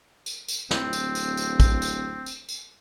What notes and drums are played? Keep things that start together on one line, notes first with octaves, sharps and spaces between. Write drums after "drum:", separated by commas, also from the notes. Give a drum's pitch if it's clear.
drum: tambourine
drum: tambourine
D1 C4, drum: snare
drum: tambourine
drum: tambourine
drum: tambourine
drum: kick, tambourine
drum: tambourine
drum: tambourine
drum: tambourine